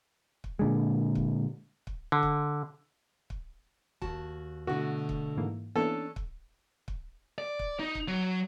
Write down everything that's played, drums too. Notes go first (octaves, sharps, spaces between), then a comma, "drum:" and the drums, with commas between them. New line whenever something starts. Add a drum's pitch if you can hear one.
drum: kick
A#2 D3 G#3
drum: kick
drum: kick
D3
drum: kick
drum: kick
D#2 F#4 A5, drum: kick
B2 D3 A3 F#4
drum: kick
G#2 E3 A#3
E3 A#3 B3 C#4 D4 A4
drum: kick
drum: kick
D5
drum: kick
D#4
drum: kick
F#3